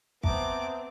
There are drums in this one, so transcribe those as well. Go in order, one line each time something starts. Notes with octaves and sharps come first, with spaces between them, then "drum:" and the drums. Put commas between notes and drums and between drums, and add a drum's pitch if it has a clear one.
B3 C4 E5 A5 A#5 D6, drum: kick